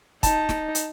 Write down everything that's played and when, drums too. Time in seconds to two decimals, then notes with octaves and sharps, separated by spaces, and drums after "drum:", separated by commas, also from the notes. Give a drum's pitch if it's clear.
0.23 D#4 A5, drum: kick, hi-hat
0.49 drum: snare
0.75 drum: hi-hat